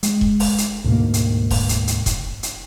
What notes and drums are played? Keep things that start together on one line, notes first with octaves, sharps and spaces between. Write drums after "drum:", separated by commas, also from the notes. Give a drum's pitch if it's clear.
G#3, drum: hi-hat
drum: kick E1
drum: open hi-hat
drum: hi-hat
D2 G#2 B2 A#3
drum: hi-hat
drum: kick E1, open hi-hat
drum: hi-hat
drum: hi-hat
drum: kick E1, hi-hat
drum: hi-hat